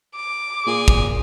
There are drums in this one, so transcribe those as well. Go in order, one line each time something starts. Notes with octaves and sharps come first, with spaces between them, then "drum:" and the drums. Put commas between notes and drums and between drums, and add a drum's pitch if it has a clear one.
D6
A#2 G#4
drum: kick